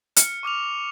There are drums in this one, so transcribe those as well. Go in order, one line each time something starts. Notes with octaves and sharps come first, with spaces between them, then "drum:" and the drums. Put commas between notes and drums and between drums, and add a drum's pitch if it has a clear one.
F6 C#7, drum: hi-hat
C#6 D6 F6 F7